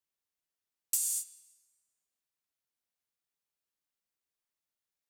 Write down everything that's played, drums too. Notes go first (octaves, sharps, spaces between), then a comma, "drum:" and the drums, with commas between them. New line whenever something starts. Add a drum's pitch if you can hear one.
D#6
drum: open hi-hat
F#4 G#4 G6
D#5
G4 C5
G#5 D6